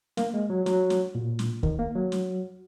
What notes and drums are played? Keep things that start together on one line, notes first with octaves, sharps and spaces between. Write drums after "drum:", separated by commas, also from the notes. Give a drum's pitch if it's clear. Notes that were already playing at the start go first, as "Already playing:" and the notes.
A#3, drum: snare
G#3
F#3
F#3, drum: snare
drum: snare
A#2
drum: snare
D#3, drum: kick
A#3
F#3
drum: snare